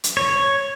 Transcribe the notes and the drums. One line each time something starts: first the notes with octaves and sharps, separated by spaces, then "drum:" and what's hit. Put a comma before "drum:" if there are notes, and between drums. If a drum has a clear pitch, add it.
drum: hi-hat
C#5